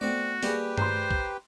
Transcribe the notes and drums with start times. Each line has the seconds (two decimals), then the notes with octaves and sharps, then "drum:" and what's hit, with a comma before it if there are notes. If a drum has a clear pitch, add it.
0.01 A3 B3 C4 F#4 D5
0.43 G3 A#3 G4 G#4 B4 G5, drum: open hi-hat
0.78 C5 A#5 C6, drum: tom G2
1.11 drum: kick